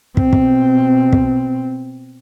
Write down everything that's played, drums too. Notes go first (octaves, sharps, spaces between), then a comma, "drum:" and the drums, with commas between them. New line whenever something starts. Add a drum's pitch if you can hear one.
B2 C4, drum: kick
drum: kick
drum: kick